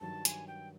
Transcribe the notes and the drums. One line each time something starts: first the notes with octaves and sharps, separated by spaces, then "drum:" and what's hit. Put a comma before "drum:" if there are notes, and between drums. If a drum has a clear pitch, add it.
G2 D#3 F#3 A5
G#5, drum: hi-hat
G5